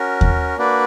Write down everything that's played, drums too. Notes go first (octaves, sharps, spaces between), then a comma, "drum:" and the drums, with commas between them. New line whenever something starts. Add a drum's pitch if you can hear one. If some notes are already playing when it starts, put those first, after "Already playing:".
Already playing: C#4 F#4 A#4
drum: kick D#2
A#3 D4 F#4 B4 D5